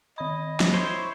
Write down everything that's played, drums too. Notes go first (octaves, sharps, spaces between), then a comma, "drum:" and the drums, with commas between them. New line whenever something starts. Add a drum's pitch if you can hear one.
D#3 D#5 B5
drum: snare
E4 C5 C#5 C7